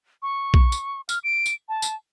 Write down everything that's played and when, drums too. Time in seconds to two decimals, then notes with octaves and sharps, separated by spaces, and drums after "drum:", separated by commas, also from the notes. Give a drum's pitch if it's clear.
0.22 C#6
0.54 drum: kick A#1
0.72 drum: tambourine
1.09 F6, drum: tambourine
1.24 D7
1.46 drum: tambourine
1.69 A5
1.82 drum: tambourine